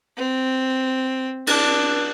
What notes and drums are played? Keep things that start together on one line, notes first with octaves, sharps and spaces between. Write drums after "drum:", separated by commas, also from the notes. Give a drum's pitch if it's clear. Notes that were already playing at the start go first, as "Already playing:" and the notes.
C4
D4, drum: cymbal